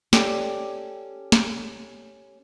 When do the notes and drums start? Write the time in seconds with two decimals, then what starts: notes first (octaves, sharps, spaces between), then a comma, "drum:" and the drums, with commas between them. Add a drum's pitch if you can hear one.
0.13 C#4 G4 A4 D5, drum: snare
1.32 drum: snare